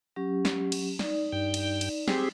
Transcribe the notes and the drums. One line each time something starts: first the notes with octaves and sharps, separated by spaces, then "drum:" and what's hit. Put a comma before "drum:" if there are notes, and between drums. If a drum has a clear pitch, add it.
F#3 C#4 G4
drum: snare
drum: cymbal
D#4 D5, drum: snare
G2 G5
drum: cymbal
drum: cymbal
C4 G4 G#4, drum: snare